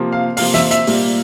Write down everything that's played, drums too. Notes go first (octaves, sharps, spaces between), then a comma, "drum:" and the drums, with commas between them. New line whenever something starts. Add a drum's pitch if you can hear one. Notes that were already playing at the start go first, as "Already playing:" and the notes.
Already playing: C3 F3 A#3
F5
C3 F3 A#3 F5, drum: open hi-hat
E5, drum: snare
E5, drum: hi-hat
A#2 G3 A#3, drum: open hi-hat